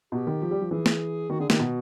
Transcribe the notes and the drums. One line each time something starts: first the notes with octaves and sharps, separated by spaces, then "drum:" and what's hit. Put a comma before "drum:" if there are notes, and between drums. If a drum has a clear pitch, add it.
B2 G4
D#3
F3
G3
F3
E3 G#4
drum: snare
D#3 F#4
D3 G#4
D#3 G4, drum: snare
B2 F#4